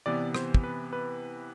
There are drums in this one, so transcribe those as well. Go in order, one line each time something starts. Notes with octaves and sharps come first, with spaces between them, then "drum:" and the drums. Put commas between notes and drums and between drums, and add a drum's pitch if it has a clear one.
C3 E3 B3 D5
C5, drum: rim click
drum: kick
B4
B4